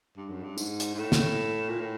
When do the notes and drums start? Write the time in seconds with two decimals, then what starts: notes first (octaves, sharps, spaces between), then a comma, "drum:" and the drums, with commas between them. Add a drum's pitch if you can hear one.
0.17 G2
0.30 F#2
0.43 G2
0.58 G#2, drum: tambourine
0.80 drum: hi-hat
0.94 G#2
0.99 A2
1.12 drum: snare
1.70 A#2
1.81 A2